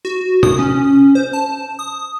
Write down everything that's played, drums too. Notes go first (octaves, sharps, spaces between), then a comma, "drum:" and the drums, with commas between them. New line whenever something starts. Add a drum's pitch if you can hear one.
F#4
D#6, drum: tom
C#4
C5
A5
D#6